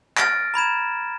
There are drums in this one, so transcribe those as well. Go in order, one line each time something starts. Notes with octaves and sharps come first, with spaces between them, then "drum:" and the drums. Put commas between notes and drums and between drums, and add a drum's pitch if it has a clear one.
F6 A6 A#6 D7, drum: clap
A#5 B5 G#6 E7